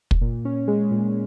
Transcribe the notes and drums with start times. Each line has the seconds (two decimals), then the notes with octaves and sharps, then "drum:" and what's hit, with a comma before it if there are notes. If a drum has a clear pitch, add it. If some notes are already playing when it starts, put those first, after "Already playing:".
0.11 drum: kick
0.21 A#2
0.45 C#4
0.68 G#3
0.91 A#2